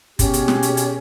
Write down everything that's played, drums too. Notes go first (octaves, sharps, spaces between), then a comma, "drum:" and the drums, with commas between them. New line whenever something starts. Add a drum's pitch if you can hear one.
B2 C#4 G4 G#4, drum: kick, hi-hat
drum: hi-hat
drum: snare
drum: hi-hat
drum: hi-hat